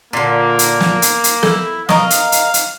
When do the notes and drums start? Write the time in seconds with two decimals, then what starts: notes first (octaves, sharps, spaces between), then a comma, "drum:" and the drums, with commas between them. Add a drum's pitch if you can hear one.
0.13 A#2 D3 A#3
0.59 drum: hi-hat
0.80 drum: snare
1.02 drum: hi-hat
1.24 drum: hi-hat
1.43 E4 A4, drum: snare
1.89 A#4 D#5 F5 C#6 D#6, drum: snare
2.10 drum: hi-hat
2.32 drum: hi-hat
2.54 drum: hi-hat